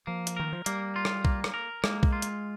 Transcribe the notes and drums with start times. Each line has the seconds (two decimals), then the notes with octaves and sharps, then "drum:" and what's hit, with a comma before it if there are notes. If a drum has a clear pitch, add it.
0.07 F3 A#3
0.27 drum: hi-hat
0.37 D#3 A#4
0.52 F3
0.66 G3 A#3, drum: hi-hat
0.96 F4
1.05 drum: rim click
1.25 A#3, drum: kick
1.44 drum: rim click
1.54 A#4
1.84 G#3 A#3, drum: rim click
2.03 drum: kick
2.13 F4
2.22 drum: hi-hat